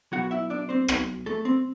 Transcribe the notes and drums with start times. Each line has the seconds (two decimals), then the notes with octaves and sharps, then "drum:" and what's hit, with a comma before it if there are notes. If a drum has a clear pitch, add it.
0.12 B2 F#3 F#4 F#5
0.31 E4 E5
0.50 D4 D5
0.69 C4 C5
0.88 drum: rim click
1.26 A3 A4
1.45 C4